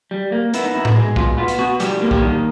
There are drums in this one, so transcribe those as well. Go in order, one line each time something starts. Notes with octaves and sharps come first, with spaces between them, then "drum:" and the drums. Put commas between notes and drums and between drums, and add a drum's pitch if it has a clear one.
G3
A#3
B3 E4, drum: hi-hat
D#4
B2 E4
drum: tom A2
G#3
B2 F4, drum: kick
B3 F4
drum: hi-hat
B2 F#4
G3 G4, drum: hi-hat
A#3
G4, drum: kick
D#3